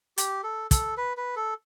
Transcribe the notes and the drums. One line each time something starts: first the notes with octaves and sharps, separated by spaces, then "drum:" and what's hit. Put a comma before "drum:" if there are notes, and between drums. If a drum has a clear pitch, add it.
G4, drum: hi-hat
A4
A4, drum: kick, hi-hat
B4
B4
A4